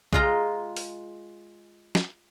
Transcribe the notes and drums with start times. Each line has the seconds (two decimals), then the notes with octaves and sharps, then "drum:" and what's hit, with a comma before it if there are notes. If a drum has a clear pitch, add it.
0.13 G#3 F4 A#5, drum: kick B1
0.76 drum: open hi-hat
1.95 drum: snare